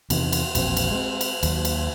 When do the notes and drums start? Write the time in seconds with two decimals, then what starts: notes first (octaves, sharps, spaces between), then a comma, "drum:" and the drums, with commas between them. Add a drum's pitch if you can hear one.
0.10 E2 C3 D#3, drum: cymbal
0.33 drum: cymbal
0.55 E1 A#1 C4, drum: cymbal
0.77 drum: cymbal
0.91 G#3 C4
1.21 drum: cymbal
1.43 D#2 F#3, drum: cymbal
1.65 drum: cymbal